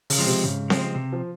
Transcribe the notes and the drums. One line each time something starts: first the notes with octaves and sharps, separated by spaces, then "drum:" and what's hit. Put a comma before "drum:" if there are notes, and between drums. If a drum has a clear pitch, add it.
C#3, drum: open hi-hat
F3 G#3 C4
C3
G#2 C#3
F3 G#3 C4, drum: snare C4
C3
F3